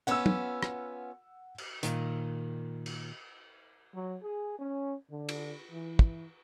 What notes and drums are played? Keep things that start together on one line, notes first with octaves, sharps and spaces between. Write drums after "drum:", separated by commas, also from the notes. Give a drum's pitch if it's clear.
B3 C#4 F4 F#5 E6
drum: tom
drum: rim click
drum: cymbal
A#2 D#3, drum: hi-hat
drum: cymbal
F#3
G#4
C#4
D3
drum: cymbal
E3
drum: kick